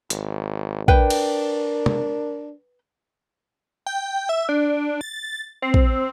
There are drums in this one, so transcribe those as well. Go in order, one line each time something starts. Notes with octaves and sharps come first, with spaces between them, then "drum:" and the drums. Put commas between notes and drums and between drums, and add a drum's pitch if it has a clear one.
G#1, drum: hi-hat
D4 A#4 B4 G5, drum: kick
drum: cymbal
drum: tom
G5
E5
D4
A6
C4
drum: kick